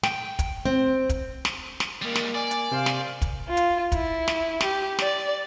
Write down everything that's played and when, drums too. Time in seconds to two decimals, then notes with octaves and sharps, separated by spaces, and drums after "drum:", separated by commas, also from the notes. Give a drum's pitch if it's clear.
0.03 G5, drum: snare
0.39 drum: kick, hi-hat
0.65 C4
1.09 drum: kick, hi-hat
1.45 drum: snare
1.80 drum: snare
2.02 G3 G#3 A#3
2.15 drum: snare
2.35 D5 G#5
2.51 drum: hi-hat
2.71 C3 C5 F5
2.86 drum: snare
3.22 drum: kick, hi-hat
3.48 F4
3.57 drum: hi-hat
3.92 E4, drum: kick, hi-hat
4.28 drum: snare
4.61 G4, drum: snare
4.99 D5, drum: snare